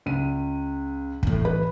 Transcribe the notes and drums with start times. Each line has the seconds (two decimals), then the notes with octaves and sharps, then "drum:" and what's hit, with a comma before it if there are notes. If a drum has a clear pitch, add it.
0.06 C#2 D#7
1.23 E2 A2, drum: kick
1.45 E3 B4